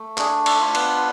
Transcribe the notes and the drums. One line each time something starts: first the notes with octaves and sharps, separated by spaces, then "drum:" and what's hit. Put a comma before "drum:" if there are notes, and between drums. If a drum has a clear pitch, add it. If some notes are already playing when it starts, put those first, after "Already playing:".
Already playing: A3
D4 G#4, drum: clap
A4, drum: cymbal
F4
B3 B4, drum: cymbal